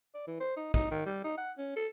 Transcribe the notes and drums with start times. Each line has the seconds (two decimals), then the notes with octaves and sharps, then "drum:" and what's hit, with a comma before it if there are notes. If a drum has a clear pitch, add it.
0.14 D5
0.27 E3
0.40 C5
0.57 D#4
0.74 D#4, drum: kick A#1
0.91 D#3
1.06 G3
1.24 D#4
1.38 F#5
1.58 C#4
1.76 A4